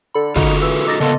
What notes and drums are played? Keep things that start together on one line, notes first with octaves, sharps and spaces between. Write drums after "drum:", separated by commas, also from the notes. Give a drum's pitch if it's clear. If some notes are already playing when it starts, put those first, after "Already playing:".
D3 A4 B5
D3 D#4 F4 F#4 A4 F7, drum: kick
E3 E6
D#4 D6 A6 A#6
C#3 A#3 B3 A4 D#5 C6